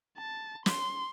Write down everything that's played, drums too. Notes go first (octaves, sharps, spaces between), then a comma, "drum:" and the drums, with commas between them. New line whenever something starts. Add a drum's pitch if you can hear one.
A5
C6, drum: snare